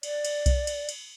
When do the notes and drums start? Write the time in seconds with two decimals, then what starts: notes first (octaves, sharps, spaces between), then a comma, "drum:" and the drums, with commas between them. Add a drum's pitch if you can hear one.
0.03 D5, drum: cymbal
0.25 drum: cymbal
0.46 drum: kick B1, cymbal
0.67 drum: cymbal
0.89 drum: cymbal